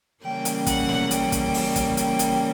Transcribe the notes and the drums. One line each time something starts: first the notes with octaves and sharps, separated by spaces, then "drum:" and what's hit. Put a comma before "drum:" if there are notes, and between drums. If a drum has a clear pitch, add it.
C#3 E3 G3 A#3 C#4 G5
drum: hi-hat
F#5, drum: kick, hi-hat
drum: snare
G5, drum: hi-hat
drum: kick, hi-hat
drum: open hi-hat
drum: kick, hi-hat
G5, drum: hi-hat
drum: hi-hat